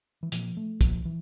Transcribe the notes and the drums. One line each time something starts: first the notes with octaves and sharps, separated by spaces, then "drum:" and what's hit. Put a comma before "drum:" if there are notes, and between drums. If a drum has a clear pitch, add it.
E3
A#2 F3, drum: hi-hat
A3
A#2 F3, drum: kick, hi-hat
E3